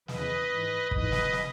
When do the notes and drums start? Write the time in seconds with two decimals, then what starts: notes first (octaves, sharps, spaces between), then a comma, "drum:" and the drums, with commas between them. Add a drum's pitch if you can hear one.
0.08 E2 C#3 E3 B4 D#5, drum: snare
0.51 G#2 E3
0.91 G#2 E3 B4 D#5, drum: kick
1.12 drum: snare
1.33 drum: snare